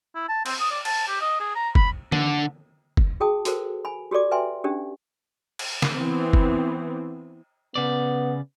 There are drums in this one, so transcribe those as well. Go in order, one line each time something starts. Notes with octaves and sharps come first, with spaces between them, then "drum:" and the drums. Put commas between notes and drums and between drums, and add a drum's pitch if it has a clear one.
E4
A5
C4, drum: cymbal
D#6
D5
A5, drum: cymbal
G4
D#5
G#4
A#5
B5, drum: kick
D3, drum: tom D3
drum: kick
F#4 G#4 G5 A5 D#6
F#4 A4 A#4 C5, drum: hi-hat
G#5 B5
F#4 G4 A4 D5 D6
B4 E5 G5 G#5 C6
C#4 D4 G4
drum: cymbal
drum: snare
E3 B3 C4
drum: kick
C#3 B3 D5